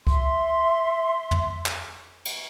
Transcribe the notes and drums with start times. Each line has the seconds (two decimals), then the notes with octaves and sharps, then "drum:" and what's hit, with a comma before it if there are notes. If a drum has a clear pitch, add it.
0.07 E5 C6, drum: kick C#2
1.31 drum: tom
1.66 drum: clap
2.25 drum: cymbal